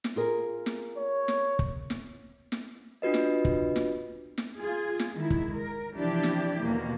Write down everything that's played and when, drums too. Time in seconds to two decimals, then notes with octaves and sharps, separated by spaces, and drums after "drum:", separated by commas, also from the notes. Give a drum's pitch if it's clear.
0.04 drum: snare
0.16 F4 G#4 A#4
0.66 drum: snare
0.97 C#5
1.28 drum: snare
1.59 drum: kick
1.90 drum: snare
2.52 drum: snare
3.02 D4 F4 F#4 B4 D#5
3.14 drum: snare
3.45 drum: kick
3.76 drum: snare
4.38 drum: snare
4.59 F4 G#4
4.99 drum: snare
5.15 D#3 G#3 E4
5.30 drum: kick
5.56 A#4
5.96 C3 E3 F3 D4 E4 G4
6.23 drum: snare
6.63 D#2 B2 A#3